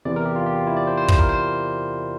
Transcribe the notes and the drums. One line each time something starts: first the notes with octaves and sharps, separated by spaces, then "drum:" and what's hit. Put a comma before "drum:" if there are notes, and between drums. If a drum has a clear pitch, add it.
E2 C3 E3 D5
A#4
G4
F4
G4
F4
E4
D5
C5
C5
C5, drum: kick
A#4
C5